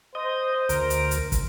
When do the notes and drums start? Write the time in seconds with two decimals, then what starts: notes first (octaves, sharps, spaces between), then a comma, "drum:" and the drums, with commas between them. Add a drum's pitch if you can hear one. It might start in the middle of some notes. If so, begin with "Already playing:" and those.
0.15 C5 D#5
0.69 D2 A#4, drum: hi-hat
0.90 drum: hi-hat
1.11 drum: hi-hat
1.32 drum: kick, hi-hat